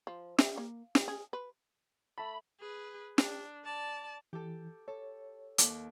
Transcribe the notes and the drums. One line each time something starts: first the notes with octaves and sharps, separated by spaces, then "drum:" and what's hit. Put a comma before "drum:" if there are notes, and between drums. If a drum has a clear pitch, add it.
F3
E5, drum: snare
A#3
E3, drum: snare
G#4
B4
A3 A5 B5
G#4 B4
D4, drum: snare
D5 A5
E3 G4 A4
A4 C#5
D#2 A4 D6, drum: hi-hat